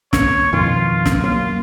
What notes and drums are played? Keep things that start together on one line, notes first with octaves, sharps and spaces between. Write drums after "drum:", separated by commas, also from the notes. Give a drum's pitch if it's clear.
C#5, drum: snare
F2 B2 D#3 F4
drum: snare
F#3 A#3 F4